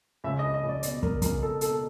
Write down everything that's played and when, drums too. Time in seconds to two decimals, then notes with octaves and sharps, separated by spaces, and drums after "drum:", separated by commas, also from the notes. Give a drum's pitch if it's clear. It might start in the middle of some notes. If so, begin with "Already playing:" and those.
0.24 C#2 E5
0.39 D#5
0.44 C#2
0.54 D#5
0.63 C#2
0.69 D5
0.83 B2 D5, drum: hi-hat
1.03 C#2 A#4, drum: kick
1.22 C#2 A#4, drum: kick, hi-hat
1.42 C#2 A4
1.61 B2 A4, drum: hi-hat